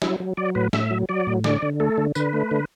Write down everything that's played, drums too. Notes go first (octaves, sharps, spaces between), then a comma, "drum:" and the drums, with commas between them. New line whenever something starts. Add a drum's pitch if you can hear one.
F#3 E4, drum: snare
F#3
F#3 D5
A2 B4
A2 E5, drum: snare
F#3
F#3 D5
A2
D3 D5, drum: snare
D3
A3 A4
D3
D3 B4, drum: tambourine
A3
D3